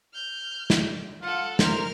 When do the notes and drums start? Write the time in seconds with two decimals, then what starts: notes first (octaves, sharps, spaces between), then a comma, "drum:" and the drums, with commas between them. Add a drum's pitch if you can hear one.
0.14 F6 G6
0.70 drum: snare
1.22 F4 A4 F#5
1.59 A#4 C5 F6, drum: snare